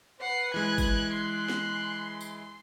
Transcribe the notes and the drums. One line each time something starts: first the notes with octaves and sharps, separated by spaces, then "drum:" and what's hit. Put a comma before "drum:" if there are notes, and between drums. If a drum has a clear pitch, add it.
B4 F#5 C7
E3 G#3 F#6 G#6
drum: kick G1, tambourine
C6 F#6
drum: snare
drum: tambourine